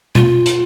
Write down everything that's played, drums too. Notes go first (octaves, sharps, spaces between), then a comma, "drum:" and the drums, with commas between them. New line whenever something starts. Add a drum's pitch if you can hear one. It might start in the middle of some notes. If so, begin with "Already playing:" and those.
F4, drum: tom B2
drum: hi-hat